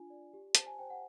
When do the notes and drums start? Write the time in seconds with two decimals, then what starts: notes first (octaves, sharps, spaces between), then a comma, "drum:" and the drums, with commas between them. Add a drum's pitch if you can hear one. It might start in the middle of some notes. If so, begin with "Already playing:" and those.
Already playing: D4 F4 G#5
0.10 D5
0.33 G4
0.55 C5 A5, drum: hi-hat
0.67 G#5
0.79 C5 G5
0.90 F#5